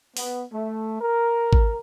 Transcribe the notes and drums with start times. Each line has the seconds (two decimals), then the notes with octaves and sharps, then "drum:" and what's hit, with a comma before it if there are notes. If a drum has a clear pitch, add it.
0.17 B3, drum: open hi-hat
0.52 A3
1.01 A#4
1.53 drum: kick G#1